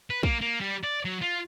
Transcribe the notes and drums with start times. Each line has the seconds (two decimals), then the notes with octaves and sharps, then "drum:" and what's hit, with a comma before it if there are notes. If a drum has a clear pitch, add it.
0.10 B4
0.23 A#3, drum: kick
0.41 A#3
0.61 G3
0.84 D5
1.05 F#3
1.22 F4